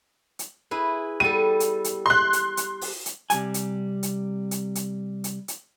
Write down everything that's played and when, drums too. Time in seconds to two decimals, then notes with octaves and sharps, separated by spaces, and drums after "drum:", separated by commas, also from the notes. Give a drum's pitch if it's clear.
0.39 drum: hi-hat
0.71 E4 G#4 B4
1.20 G3 B3 A4 D#7
1.60 drum: hi-hat
1.84 drum: hi-hat
2.06 C6 F#6
2.33 drum: hi-hat
2.57 drum: hi-hat
2.81 drum: open hi-hat
3.06 drum: hi-hat
3.30 C3 G3 G#5, drum: hi-hat
3.54 drum: hi-hat
4.03 drum: hi-hat
4.51 drum: hi-hat
4.75 drum: hi-hat
5.24 drum: hi-hat
5.48 drum: hi-hat